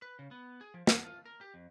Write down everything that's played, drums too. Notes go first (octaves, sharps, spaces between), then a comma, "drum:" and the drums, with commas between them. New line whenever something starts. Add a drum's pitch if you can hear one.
B4
C#3
B3
G#4
F3
F#5, drum: snare
F4
A#4
G4
F2